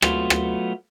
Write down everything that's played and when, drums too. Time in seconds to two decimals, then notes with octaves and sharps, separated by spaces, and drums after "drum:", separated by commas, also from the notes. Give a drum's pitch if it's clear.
0.02 F#3 A3 B3 F4, drum: rim click
0.30 drum: rim click